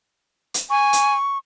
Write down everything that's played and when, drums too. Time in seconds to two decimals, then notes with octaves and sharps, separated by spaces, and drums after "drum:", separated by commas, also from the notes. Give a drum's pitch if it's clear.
0.54 drum: hi-hat
0.70 G#5 C#6
0.93 drum: hi-hat